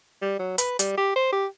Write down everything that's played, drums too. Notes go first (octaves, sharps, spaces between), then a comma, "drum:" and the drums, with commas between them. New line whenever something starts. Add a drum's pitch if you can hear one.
G3
F#3
B4, drum: hi-hat
G3, drum: hi-hat
G4
C5
G4